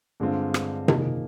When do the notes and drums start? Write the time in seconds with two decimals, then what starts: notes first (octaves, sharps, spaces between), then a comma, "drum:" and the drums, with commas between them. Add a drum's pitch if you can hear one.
0.20 G2 D3 G#3 C4 F4
0.54 drum: rim click
0.88 F2 D#3 A#3 D#4 G#4, drum: tom C3